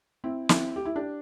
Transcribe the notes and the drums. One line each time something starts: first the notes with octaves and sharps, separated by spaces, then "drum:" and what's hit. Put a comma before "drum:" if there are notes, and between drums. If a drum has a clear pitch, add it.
C4 E4
C4 E4, drum: snare
G4
E4
D4 G4